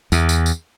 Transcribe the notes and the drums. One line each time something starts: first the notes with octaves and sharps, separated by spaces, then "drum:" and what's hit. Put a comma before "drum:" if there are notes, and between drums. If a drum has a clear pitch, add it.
E2, drum: tambourine
drum: tambourine
drum: tambourine